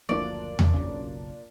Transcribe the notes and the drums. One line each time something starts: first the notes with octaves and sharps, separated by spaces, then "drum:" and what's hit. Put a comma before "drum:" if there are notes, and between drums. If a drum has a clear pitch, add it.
F#1 D2 F3 A#3 D4 F4 D5
drum: tom E2
F#1 B1 C#3